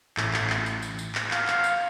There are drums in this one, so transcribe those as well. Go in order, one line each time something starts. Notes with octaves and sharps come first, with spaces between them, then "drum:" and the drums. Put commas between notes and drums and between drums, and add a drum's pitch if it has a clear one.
A1 A2 E5, drum: clap
drum: clap
drum: clap
drum: tambourine
drum: tambourine
drum: tambourine
drum: clap
F5 F#5, drum: clap
drum: clap
drum: tambourine